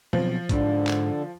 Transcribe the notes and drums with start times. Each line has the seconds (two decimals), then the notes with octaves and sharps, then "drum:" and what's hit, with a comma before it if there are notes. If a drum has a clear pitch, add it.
0.13 B2 F3 F#3 C4
0.49 G#2 D3, drum: kick, hi-hat
0.87 drum: clap